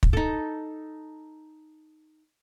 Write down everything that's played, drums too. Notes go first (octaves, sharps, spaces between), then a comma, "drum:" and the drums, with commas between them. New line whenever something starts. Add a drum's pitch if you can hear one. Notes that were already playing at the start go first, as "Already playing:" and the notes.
drum: kick
D#4 A4